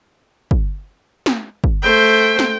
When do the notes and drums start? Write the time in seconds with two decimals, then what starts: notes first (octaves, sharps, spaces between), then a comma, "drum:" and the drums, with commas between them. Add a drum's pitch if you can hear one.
0.51 drum: kick
1.26 drum: snare
1.64 drum: kick
1.82 A3 C5 G5
2.39 drum: snare